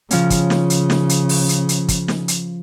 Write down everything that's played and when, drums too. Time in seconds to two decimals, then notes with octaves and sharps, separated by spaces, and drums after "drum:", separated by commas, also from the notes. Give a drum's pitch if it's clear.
0.11 C#3 F3 C#4, drum: hi-hat
0.30 drum: kick, hi-hat
0.50 drum: snare
0.70 drum: hi-hat
0.90 drum: snare
1.09 drum: hi-hat
1.29 drum: open hi-hat
1.49 drum: hi-hat
1.69 drum: hi-hat
1.88 drum: kick, hi-hat
2.08 drum: snare
2.28 drum: hi-hat